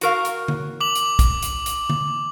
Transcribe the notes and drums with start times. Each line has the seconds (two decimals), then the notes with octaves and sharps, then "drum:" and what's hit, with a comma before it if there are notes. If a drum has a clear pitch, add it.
0.01 F#4 A#4 F5, drum: hi-hat
0.25 drum: hi-hat
0.48 drum: tom D3
0.81 D6 F#7
0.95 drum: hi-hat
1.19 drum: kick, hi-hat
1.42 drum: hi-hat
1.66 drum: hi-hat
1.90 drum: tom D3